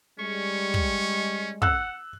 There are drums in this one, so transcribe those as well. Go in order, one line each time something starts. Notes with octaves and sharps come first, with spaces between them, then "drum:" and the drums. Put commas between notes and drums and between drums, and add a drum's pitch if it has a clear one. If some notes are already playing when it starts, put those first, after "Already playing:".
G3 G#3 C#4 C#6
drum: kick
F#5 E6 F#6, drum: kick